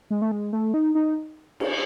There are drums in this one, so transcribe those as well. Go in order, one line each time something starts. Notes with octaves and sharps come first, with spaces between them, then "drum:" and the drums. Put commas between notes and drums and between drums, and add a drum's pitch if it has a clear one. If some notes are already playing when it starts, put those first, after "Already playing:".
G#3
A3
G#3
A3
D#4
D#4
drum: cymbal